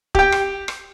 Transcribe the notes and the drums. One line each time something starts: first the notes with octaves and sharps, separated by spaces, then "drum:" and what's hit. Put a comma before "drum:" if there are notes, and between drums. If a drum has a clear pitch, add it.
G4 G5, drum: kick
drum: rim click
drum: rim click